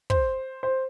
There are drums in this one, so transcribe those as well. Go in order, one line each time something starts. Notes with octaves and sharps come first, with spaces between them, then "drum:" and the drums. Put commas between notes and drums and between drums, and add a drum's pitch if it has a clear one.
C5, drum: kick
C5